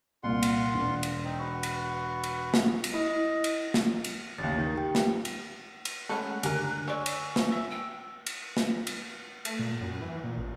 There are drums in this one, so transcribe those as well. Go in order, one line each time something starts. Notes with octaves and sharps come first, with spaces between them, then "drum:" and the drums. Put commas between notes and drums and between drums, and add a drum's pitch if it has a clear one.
C2 A#2 F4 F#5 C6
drum: cymbal
E1
drum: cymbal
C4 D#4
F#4 B4 C#6
drum: cymbal
drum: cymbal
drum: snare
drum: cymbal
E4 D#5
drum: cymbal
drum: snare
drum: cymbal
A1 D#2 A6
D#3
G4 G5
drum: snare
drum: cymbal
drum: cymbal
G#3 A3 C#4 A4 F#5 B5 C#6 F#6
C#2 F#2 D3 A3 G4 A#4 G#5, drum: cymbal
C#5 D5 G#5 C#6 E6
drum: cymbal
drum: snare
E5 E6
G5
drum: cymbal
drum: snare
drum: cymbal
A3, drum: cymbal
A#2
F#2
E3
A#2
A1